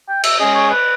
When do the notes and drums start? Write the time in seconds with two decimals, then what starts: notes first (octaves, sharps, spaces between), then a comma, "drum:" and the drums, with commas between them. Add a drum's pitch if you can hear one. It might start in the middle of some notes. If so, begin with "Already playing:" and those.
0.08 G5
0.23 E5, drum: cymbal
0.39 G#3 C#4 G#4 D#5
0.55 C#5
0.70 B4